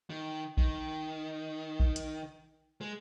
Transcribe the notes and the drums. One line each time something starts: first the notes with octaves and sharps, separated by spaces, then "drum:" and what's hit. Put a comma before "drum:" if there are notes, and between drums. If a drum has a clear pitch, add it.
D#3
D#3, drum: kick A#1
drum: kick A#1
drum: hi-hat
G#3